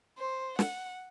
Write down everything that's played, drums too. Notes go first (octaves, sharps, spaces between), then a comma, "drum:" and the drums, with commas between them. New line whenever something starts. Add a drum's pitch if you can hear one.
C5
F#5, drum: snare